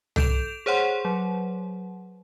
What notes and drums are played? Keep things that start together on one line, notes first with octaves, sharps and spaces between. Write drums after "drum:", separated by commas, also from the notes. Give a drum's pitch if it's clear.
A4 G6 D7 E7 F7, drum: tom
G#4 C5 C#5 F#5 C6
F#3